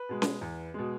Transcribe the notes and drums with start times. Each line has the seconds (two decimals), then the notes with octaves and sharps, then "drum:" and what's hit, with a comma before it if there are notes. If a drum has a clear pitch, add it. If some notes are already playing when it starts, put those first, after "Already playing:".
Already playing: B4
0.09 B2 G#3
0.22 drum: snare C#4
0.41 E2
0.74 B2 G#3